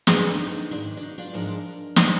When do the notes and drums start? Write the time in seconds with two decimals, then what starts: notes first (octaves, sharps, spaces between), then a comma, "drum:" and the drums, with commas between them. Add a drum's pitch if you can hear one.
0.07 G2 D3 G#3 C4 G#4 C5, drum: snare
0.29 D4
0.38 D#4
0.71 G#2 D#3 A#3 D4
0.97 D4
1.03 D#4
1.18 D4 F4
1.33 G#2 F3 G#3 D4 A#4 D5
1.96 D#3 A#3 D4 C5 D#5, drum: snare